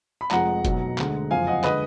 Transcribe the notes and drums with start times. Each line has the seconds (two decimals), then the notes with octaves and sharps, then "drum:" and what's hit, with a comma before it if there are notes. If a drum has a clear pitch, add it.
0.21 B5
0.31 F1 F2 F3 G#3 F#5 A#5, drum: clap
0.65 B1 B2 F#3, drum: kick F1, hi-hat
0.98 D2 D3 G#3, drum: clap
1.31 F#1 F2 F3 F5 G#5
1.47 D#5 F#5
1.64 D3 G#3 B4 D#5, drum: clap